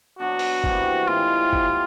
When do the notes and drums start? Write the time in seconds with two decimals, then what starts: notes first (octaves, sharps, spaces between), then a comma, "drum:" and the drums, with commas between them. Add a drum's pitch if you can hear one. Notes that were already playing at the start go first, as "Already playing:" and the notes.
0.19 F#3 B3 D4 F#4
0.39 drum: open hi-hat
0.64 C3 E3 G3 A#3, drum: kick
1.08 A2 E3 G#3 C4 F4
1.53 G3 B3 D#4 G4, drum: kick